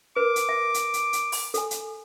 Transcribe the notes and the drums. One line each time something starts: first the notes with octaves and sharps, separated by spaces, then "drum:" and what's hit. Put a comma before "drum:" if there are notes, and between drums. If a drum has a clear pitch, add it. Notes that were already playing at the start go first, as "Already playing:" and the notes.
A#4 B4 D6
drum: hi-hat
E5
drum: hi-hat
drum: hi-hat
drum: hi-hat
drum: open hi-hat
A4 G#5, drum: hi-hat
drum: hi-hat